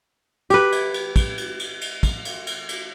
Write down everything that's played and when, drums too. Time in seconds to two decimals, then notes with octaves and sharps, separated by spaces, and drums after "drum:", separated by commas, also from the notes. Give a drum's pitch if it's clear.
0.50 G4 B4, drum: cymbal
0.72 drum: cymbal
0.94 drum: cymbal
1.16 drum: kick, cymbal
1.38 drum: cymbal
1.59 drum: cymbal
1.81 drum: cymbal
2.03 drum: kick, cymbal
2.25 drum: cymbal
2.47 drum: cymbal
2.69 drum: cymbal